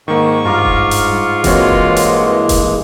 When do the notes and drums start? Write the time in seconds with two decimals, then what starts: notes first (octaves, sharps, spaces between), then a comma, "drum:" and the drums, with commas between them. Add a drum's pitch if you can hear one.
0.08 G#2 D#3 A#3 C#6
0.46 G2 F4 A#5 D6 F6
0.65 drum: kick D#1
0.91 drum: hi-hat
1.44 G2 E3 G#3 A#3 C4 F#4 C#5, drum: kick D#1, hi-hat
1.70 drum: kick D#1
1.96 drum: hi-hat
2.49 drum: kick D#1, hi-hat